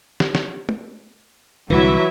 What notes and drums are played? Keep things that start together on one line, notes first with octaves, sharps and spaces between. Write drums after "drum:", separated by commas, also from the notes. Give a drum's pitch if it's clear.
drum: snare
drum: snare
drum: tom
C2 D3 E3 F#3 E4 F#4 E5